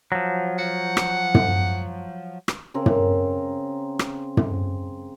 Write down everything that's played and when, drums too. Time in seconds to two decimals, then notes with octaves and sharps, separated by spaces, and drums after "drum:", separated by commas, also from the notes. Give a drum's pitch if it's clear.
0.12 F3 F#3
0.59 F#5
0.97 drum: rim click
1.34 drum: tom
2.48 drum: rim click
2.74 C#3 C4 A#4
2.86 drum: tom
3.99 drum: rim click
4.37 drum: tom